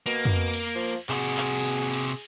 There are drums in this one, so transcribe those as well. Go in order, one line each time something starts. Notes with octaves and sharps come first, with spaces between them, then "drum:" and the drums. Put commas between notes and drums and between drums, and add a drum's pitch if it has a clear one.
B2 A#3
drum: tom F2
drum: cymbal
F3
C3 F#4 G#4, drum: clap
drum: clap
drum: cymbal
drum: cymbal